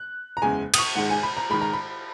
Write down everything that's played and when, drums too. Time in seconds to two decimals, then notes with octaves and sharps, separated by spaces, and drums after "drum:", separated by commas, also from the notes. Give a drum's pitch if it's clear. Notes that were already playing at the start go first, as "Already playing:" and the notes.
Already playing: F#6
0.37 A#5
0.42 F#1 E2 C#3 G#3 G#5
0.74 D#6, drum: cymbal
0.78 C#6
0.95 G#2 D#3 G#3 F#5
1.10 G#5
1.23 B5
1.37 A#5
1.50 G#2 D#3 G#3 B5
1.61 A#5
1.73 B5